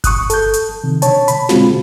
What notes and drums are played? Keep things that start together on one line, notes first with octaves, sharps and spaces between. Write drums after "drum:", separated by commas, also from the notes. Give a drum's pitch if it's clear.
C#6 D#6 F#6, drum: kick G1, hi-hat
A4 G6, drum: hi-hat
drum: hi-hat
C3 D#3
B2 D3 C#5 A5, drum: hi-hat
B5, drum: hi-hat
B2 D3 G#3 C4 F4 F#4, drum: snare